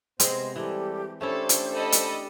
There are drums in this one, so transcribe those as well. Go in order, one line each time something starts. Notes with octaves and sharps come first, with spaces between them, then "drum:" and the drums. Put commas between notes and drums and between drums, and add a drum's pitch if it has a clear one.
C3 G#3 B3 C4 C5 D#5, drum: hi-hat
E3 G3 G4 A4
A3 C#4 D4 E4 G4 A4 C5
drum: hi-hat
A4 D#5 B5
drum: hi-hat